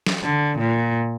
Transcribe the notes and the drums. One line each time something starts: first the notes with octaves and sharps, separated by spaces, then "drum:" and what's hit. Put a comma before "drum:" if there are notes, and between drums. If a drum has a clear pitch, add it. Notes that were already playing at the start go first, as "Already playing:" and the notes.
drum: snare
D3
A#2